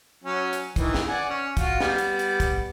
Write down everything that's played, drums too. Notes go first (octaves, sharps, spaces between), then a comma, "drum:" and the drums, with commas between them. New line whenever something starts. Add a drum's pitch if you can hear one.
F#3 C#4
drum: hi-hat
D#3 E3, drum: kick, hi-hat
drum: snare
D5 F#5 G#5
C#4
F4 F#4, drum: kick, hi-hat
G3 B3, drum: snare
drum: hi-hat
drum: hi-hat
drum: kick, hi-hat